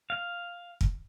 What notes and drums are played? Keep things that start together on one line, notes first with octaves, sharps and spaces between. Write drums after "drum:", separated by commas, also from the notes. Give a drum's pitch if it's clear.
F5
drum: kick